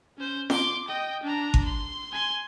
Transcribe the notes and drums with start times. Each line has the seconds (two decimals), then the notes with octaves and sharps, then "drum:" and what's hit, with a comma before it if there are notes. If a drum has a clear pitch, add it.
0.17 C#4 C5
0.50 C6 D6, drum: snare
0.88 D#5 G5
1.23 D4 A#5
1.54 drum: kick G#1
1.65 C6
2.12 G#5 C6